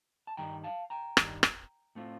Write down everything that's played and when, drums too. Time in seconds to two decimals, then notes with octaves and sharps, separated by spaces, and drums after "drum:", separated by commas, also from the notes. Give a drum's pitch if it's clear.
0.27 A5
0.37 G2 D#3 G3 G5 A#5
0.64 F5 A5
0.90 G5 A#5
1.17 G2 D#3 G3, drum: rim click
1.43 drum: rim click
1.95 A2 A3 C4 F4